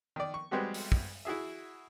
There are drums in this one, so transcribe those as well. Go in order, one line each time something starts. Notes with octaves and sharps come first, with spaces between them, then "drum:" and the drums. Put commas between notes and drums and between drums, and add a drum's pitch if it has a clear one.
D#3 D5
C#6
G3 G#3 B3 C4 F#4 G4
drum: open hi-hat
drum: kick
E4 F#4 G#4 E5